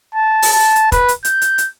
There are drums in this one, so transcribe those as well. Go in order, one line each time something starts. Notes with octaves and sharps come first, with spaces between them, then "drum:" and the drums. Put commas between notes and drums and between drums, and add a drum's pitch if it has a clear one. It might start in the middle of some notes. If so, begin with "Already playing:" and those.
A5
drum: open hi-hat
A5
drum: hi-hat
B4, drum: kick, hi-hat
drum: hi-hat
G6, drum: hi-hat
drum: hi-hat
drum: hi-hat